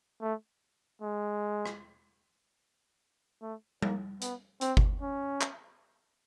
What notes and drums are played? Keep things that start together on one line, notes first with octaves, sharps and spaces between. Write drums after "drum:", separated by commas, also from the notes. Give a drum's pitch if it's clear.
A3
G#3
drum: rim click
A3
A#3, drum: tom G3
B3, drum: hi-hat
C4, drum: hi-hat
drum: kick G1
C#4
drum: clap